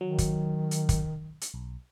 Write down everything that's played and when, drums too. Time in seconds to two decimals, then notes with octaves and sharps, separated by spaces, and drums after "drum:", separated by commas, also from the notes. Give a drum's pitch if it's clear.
0.01 D#3 F#3
0.18 drum: kick, hi-hat
0.71 drum: hi-hat
0.89 drum: kick, hi-hat
1.41 drum: hi-hat
1.54 B1